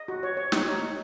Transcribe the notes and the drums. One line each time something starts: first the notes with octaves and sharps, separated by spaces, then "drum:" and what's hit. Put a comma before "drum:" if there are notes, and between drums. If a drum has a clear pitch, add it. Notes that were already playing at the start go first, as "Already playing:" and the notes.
Already playing: D#5
F#4
C#5
C#5
D#4, drum: snare
C#5
D#4